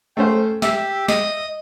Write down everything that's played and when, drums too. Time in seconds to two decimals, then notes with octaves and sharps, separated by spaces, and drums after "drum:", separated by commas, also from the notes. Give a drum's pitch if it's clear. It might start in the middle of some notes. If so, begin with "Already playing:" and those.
0.17 A3 C#4 C5 G5
0.62 G4 E5, drum: snare
1.08 D#5, drum: snare